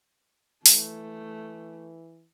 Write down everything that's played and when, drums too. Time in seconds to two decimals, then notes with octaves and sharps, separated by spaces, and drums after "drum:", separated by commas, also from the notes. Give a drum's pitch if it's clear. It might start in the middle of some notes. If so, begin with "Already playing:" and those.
0.66 E3 A3, drum: open hi-hat